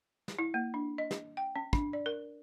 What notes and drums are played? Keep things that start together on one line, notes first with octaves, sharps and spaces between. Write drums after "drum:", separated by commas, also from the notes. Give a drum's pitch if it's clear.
drum: snare
E4
A#3
D4
D#5
drum: snare
G5
C#4
D4, drum: kick
D5
A#4